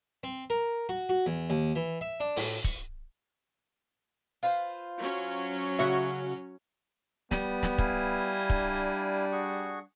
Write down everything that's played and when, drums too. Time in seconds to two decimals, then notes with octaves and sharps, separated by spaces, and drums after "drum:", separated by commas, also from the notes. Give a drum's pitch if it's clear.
0.23 C4
0.50 A#4
0.89 F#4
1.09 F#4
1.26 E2
1.50 D#2
1.75 E3
2.01 E5
2.20 D4
2.37 A2, drum: open hi-hat
2.64 C#6, drum: kick
4.43 F4 B4 C5
5.00 F#3 C#4 C#5
5.79 C#3 F#4 E5
7.31 G3 B3, drum: snare
7.63 drum: snare
7.78 E4 F5 G#5, drum: kick
8.50 D4, drum: kick
9.32 F#4 G#4 C#6